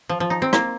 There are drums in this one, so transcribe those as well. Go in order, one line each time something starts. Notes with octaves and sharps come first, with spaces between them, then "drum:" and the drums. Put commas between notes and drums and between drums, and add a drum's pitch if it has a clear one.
F3
F3
D#4
C4
A#3, drum: rim click